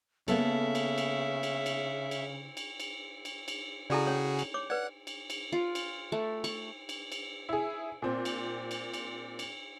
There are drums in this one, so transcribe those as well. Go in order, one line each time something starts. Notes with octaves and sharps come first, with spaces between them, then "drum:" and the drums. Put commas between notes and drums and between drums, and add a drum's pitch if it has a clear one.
C#3 A#3 B3 A4 E5, drum: cymbal
drum: cymbal
drum: cymbal
drum: cymbal
drum: cymbal
drum: cymbal
drum: cymbal
drum: cymbal
drum: cymbal
drum: cymbal
C#3 E4 F#4 G#4 A4 D5
C#4 C#5
drum: cymbal
C#5 D6
B4 D5 F#5
drum: cymbal
drum: cymbal
F4
drum: cymbal
A3
C#6, drum: cymbal
drum: cymbal
drum: cymbal
E4 G#4
A#2 C4
drum: cymbal
drum: cymbal
drum: cymbal
drum: cymbal